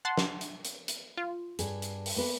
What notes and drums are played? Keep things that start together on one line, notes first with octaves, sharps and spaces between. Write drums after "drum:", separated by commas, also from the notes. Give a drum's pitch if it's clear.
F#5 A5 C6
drum: snare
drum: hi-hat
drum: hi-hat
drum: hi-hat
F4
G2 G#4, drum: hi-hat
drum: hi-hat
drum: open hi-hat
A#3 B3 B4